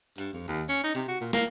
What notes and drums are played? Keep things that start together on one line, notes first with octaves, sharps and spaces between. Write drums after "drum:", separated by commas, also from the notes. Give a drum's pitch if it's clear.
G2, drum: hi-hat
F2
D#2
C#4
D#4
C3, drum: hi-hat
F#4
A#2
A#3, drum: snare